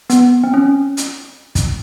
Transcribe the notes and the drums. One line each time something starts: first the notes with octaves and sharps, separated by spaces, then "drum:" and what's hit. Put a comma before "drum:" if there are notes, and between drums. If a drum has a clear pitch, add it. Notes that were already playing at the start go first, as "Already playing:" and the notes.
B3, drum: hi-hat
C4
C#4
drum: hi-hat
drum: kick, hi-hat